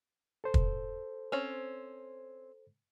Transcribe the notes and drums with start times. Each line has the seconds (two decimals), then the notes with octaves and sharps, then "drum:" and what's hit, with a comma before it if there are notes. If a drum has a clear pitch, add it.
0.44 A4 C5
0.54 drum: kick
1.32 C4 C#4